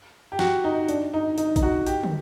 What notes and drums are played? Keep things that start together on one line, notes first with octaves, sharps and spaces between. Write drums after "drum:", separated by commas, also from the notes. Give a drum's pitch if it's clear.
G4
F#4, drum: snare
D#4
D4, drum: hi-hat
D#4
D#4, drum: hi-hat
D#4, drum: kick A1, hi-hat
F#4
G4, drum: hi-hat
drum: tom